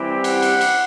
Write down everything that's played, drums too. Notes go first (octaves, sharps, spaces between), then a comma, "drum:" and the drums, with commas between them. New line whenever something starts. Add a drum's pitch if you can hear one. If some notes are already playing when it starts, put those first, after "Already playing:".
Already playing: E3 G3 C4 E4 G4
F#5, drum: cymbal
drum: cymbal
drum: cymbal